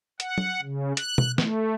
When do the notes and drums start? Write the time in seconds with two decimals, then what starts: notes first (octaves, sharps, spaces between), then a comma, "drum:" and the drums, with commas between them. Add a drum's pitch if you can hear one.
0.20 F#5, drum: hi-hat
0.38 drum: tom
0.62 C#3
0.97 F#6, drum: hi-hat
1.18 drum: tom B2
1.38 A3, drum: snare